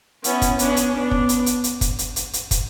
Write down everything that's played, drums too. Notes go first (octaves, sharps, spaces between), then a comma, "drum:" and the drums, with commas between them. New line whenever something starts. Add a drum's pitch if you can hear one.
B3 C#4 E4, drum: hi-hat
drum: kick, hi-hat
B3 C#4 D4, drum: hi-hat
drum: hi-hat
B3 D4
drum: kick
drum: hi-hat
drum: hi-hat
drum: hi-hat
drum: kick, hi-hat
drum: hi-hat
drum: hi-hat
drum: hi-hat
drum: kick, hi-hat